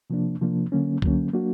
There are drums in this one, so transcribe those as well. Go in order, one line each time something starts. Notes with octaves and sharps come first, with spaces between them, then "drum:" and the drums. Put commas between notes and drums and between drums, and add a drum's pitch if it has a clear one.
C3 F3 A#3 D4
C3 F3 A#3 D4
D3 F#3 A#3 C#4
D3 F#3 A#3 C#4, drum: kick C2
F#3 A#3 D4 F#4